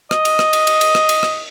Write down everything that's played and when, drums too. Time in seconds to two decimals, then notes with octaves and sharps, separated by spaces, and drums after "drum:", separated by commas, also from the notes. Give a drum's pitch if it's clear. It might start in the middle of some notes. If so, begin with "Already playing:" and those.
0.11 D#5, drum: rim click
0.25 drum: cymbal
0.39 drum: rim click
0.53 drum: cymbal
0.67 drum: cymbal
0.81 drum: cymbal
0.95 drum: rim click
1.09 drum: cymbal
1.23 drum: rim click